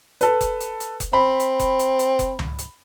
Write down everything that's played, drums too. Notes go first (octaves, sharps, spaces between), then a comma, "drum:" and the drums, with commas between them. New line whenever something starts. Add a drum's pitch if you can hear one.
A4 B4, drum: hi-hat
drum: kick F1, hi-hat
drum: hi-hat
drum: hi-hat
drum: kick F1, hi-hat
C4 B5
drum: hi-hat
drum: kick F1, hi-hat
drum: hi-hat
drum: hi-hat
drum: kick F1, hi-hat
drum: tom C#2
drum: hi-hat